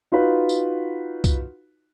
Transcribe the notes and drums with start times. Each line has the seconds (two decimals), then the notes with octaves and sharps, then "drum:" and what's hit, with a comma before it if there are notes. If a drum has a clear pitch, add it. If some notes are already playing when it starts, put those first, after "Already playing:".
0.12 D#4 F4 F#4 B4
0.49 drum: tambourine
1.24 drum: kick, tambourine